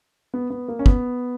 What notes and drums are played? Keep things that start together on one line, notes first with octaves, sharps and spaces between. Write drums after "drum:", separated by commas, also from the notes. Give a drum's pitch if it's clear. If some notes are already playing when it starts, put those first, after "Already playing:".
B3
B3
A#3
C#4
B3, drum: kick